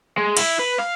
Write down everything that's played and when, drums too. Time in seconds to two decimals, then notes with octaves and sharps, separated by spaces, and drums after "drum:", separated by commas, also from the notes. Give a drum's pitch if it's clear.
0.17 G#3
0.37 E4, drum: cymbal
0.59 B4
0.79 F5